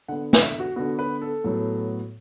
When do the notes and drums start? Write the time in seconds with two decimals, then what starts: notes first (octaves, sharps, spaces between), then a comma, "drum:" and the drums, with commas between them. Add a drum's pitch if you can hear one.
0.08 D3 B3 F#5
0.33 drum: snare
0.43 E5
0.60 F#4
0.76 D3 B3 F#4
0.99 B4
1.22 A4
1.44 A2 F#3 B3